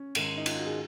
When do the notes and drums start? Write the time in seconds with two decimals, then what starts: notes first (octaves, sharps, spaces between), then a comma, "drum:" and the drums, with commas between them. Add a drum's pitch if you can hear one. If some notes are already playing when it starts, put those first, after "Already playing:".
Already playing: C#4
0.15 G#2 D#3 G#3, drum: cymbal
0.38 D#4
0.46 F4, drum: cymbal
0.56 F#4
0.66 G#4